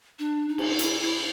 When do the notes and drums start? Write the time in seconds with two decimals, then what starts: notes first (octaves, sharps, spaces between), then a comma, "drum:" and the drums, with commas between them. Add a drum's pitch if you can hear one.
0.19 D4
0.49 D#4
0.58 drum: cymbal
0.79 E4, drum: hi-hat
1.01 E4